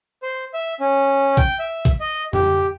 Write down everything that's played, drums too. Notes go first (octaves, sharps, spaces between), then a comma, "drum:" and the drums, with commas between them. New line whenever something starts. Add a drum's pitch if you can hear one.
C5
E5
C#4
G5, drum: kick A#1
E5
drum: kick A#1
D#5
G4, drum: tom F2